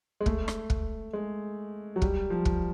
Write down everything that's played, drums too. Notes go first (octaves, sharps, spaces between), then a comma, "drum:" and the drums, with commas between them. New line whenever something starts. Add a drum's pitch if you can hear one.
G#3
A3, drum: kick
drum: rim click
drum: kick
G#3
F#3
G3, drum: kick
F3
drum: kick